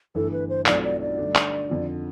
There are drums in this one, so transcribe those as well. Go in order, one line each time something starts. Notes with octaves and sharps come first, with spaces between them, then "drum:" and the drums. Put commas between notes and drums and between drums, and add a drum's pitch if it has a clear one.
G1 G2 E3 A3 E4 A4
B4
C5
B1 B2 A3 C4 F4 D5, drum: clap
D5
D5
G2 D3 A3 D4
drum: clap
F2 D3 F3